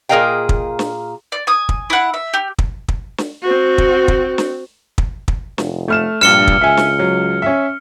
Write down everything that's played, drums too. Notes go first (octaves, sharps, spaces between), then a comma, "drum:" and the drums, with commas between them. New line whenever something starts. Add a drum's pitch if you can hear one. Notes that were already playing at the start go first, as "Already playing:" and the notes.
A#2 G#4 A#4 D#5 F5 G5
drum: kick
drum: snare
D5
G#5 D#6
drum: kick
E4 F#5
E5
G4
drum: kick
drum: kick
drum: snare
C4 F#4
drum: kick
drum: kick
drum: snare
drum: kick
drum: kick
F1, drum: snare
A3 F6 E7
A#1 G2 F6 C#7 E7 G7
drum: kick
C#2 E5 G#5
drum: snare
F#3
C#4 E5